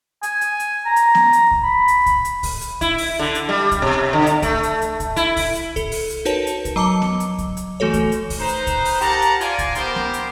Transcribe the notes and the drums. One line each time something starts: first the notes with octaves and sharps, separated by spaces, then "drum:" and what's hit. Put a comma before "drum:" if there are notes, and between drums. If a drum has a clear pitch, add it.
G#5, drum: hi-hat
drum: hi-hat
drum: hi-hat
A#5
drum: hi-hat
drum: snare B3
drum: hi-hat
drum: kick C2
B5
drum: hi-hat
drum: kick C2, hi-hat
drum: hi-hat
drum: kick C2, open hi-hat
drum: hi-hat
E4, drum: kick C2, hi-hat
drum: open hi-hat
D3
drum: hi-hat
G3
drum: kick C2, hi-hat
B2
D3
drum: hi-hat
A3, drum: kick C2, hi-hat
drum: hi-hat
drum: hi-hat
drum: kick C2, hi-hat
E4, drum: hi-hat
drum: kick C2, open hi-hat
drum: hi-hat
A4, drum: kick C2, hi-hat
drum: open hi-hat
drum: hi-hat
D#4 F#4 A#4 B4 C#5 A5, drum: hi-hat
drum: hi-hat
drum: kick C2, hi-hat
F#3 D#5 A5 D6 C#7 G7
drum: snare B3
drum: hi-hat
drum: kick C2, hi-hat
drum: hi-hat
E3 A3 F#4 A4 C#5
drum: kick C2, hi-hat
drum: hi-hat
drum: kick C2, open hi-hat
D#4 B4 C5
drum: hi-hat
drum: kick C2, hi-hat
drum: open hi-hat
G4 A#4 F#5 A5 A#5, drum: hi-hat
drum: hi-hat
F4 D5 G#5, drum: hi-hat
drum: kick C2, hi-hat
D#3 B3 G4 A#4 C5 C6, drum: hi-hat
drum: snare B3
drum: hi-hat